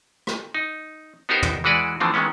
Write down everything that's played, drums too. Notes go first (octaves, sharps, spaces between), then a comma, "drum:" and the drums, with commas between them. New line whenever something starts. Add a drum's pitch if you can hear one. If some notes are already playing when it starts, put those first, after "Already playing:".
drum: rim click
D#4
B3 D#4 F#4 G4 A#4 C5
drum: tom
E3 G#3 F#4 B4 D5
D3 E3 F3 A3 C4
D#3 E3 G#3 B3 C#4